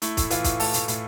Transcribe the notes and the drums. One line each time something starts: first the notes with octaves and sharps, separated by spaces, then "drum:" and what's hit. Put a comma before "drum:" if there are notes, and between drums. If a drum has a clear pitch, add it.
A3 E4, drum: hi-hat
A2, drum: kick, hi-hat
E3 F4, drum: hi-hat
A2, drum: kick, hi-hat
A3 A4, drum: open hi-hat
A2, drum: hi-hat
A2, drum: hi-hat